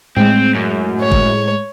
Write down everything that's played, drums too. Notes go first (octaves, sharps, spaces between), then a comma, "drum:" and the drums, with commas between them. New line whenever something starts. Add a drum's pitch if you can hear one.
A2 G#3 C4, drum: tom G3
F#2
C#5
drum: kick G1